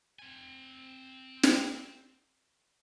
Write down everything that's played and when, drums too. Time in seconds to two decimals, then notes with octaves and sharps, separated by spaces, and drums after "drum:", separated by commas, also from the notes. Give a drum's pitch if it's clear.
0.19 C4 G#5
1.43 drum: snare